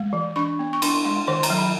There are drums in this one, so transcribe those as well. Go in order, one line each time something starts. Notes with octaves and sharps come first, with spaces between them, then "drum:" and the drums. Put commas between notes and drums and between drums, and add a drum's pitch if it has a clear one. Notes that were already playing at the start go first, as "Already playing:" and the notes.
Already playing: G#3
E3
D4 C#6
B3
C#6
D4 C6, drum: cymbal
G#3 C6
D#3 C6
A#5, drum: cymbal
F#3
B5